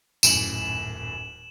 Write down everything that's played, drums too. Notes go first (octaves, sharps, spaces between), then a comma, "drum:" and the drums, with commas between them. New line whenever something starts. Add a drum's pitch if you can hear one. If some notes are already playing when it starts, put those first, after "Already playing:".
D#1 F#2 A2 E7 F#7, drum: tambourine